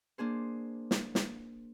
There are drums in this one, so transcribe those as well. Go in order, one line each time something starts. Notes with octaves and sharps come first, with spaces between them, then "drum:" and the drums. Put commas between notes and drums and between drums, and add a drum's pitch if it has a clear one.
A#3 D4 G#4 C5
drum: snare
drum: snare